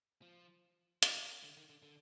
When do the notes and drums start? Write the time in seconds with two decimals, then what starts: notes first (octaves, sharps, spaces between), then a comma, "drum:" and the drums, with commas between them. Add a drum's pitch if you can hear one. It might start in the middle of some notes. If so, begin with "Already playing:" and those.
0.22 F3
1.03 D#3, drum: hi-hat
1.43 D3
1.57 D#3
1.69 D3
1.82 D3